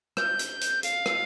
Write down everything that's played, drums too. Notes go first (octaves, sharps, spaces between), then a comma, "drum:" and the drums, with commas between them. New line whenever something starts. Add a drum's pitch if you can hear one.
G6, drum: rim click
drum: hi-hat
drum: hi-hat
F5, drum: hi-hat
drum: rim click